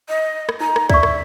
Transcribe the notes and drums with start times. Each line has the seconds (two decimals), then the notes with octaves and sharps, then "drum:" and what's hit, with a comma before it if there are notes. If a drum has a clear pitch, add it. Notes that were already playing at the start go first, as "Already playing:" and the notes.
0.09 D#5
0.49 drum: rim click
0.60 D#4 A#5
0.76 drum: rim click
0.90 D5 E5 C#6, drum: kick C#2
1.03 drum: rim click